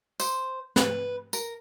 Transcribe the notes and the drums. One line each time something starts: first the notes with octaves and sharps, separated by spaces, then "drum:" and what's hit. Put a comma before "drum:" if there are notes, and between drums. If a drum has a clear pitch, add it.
C5, drum: tambourine
B4, drum: snare
A#4, drum: tambourine